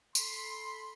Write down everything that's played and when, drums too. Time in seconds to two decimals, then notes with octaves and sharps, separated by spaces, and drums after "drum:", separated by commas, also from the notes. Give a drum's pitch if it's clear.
0.15 A4 B5 C6, drum: tambourine